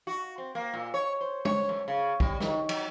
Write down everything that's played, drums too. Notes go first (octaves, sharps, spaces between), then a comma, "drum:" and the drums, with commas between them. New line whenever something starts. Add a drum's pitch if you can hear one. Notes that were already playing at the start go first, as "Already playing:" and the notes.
F#4
C4
A#3
A#2
C#5
C5
C#5, drum: tom G#3
F#2
C#3
G3, drum: kick
D#3, drum: snare
F#3, drum: cymbal